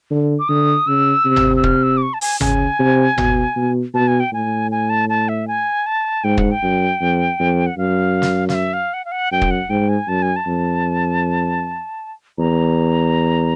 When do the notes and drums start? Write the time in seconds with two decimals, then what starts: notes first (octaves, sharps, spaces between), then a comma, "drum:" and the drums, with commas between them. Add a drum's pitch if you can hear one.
0.11 D3
0.39 D6
0.49 D3 D#6
0.87 C#3 E6
1.25 C3
1.36 drum: tom G1
1.57 E6
1.64 F6, drum: kick
1.83 E6
1.97 D6
2.02 C#6
2.14 A5
2.21 G#5, drum: open hi-hat
2.41 C#3 G#5, drum: tom G1
2.79 C3
3.18 B2, drum: tom G1
3.56 B2
3.94 B2 A5
4.07 G#5
4.20 G5
4.32 A2 G#5
4.71 G#5
4.90 A5
5.09 A5
5.29 E5
5.48 G#5
5.86 A5
6.24 G#2 G5
6.38 F#5, drum: kick
6.51 G5
6.63 F#2
7.01 F2
7.40 F2
7.66 F#5
7.78 F#2 F5
8.22 drum: snare
8.49 F5, drum: snare
8.54 E5
8.73 F5
8.94 F#5
9.05 F5
9.12 F#5
9.32 F#2 G5
9.42 drum: kick
9.51 F#5
9.70 G#2 G5
9.89 G#5
10.08 F#2 A5
10.22 G#5
10.36 A5
10.47 F2
12.39 E2 A#5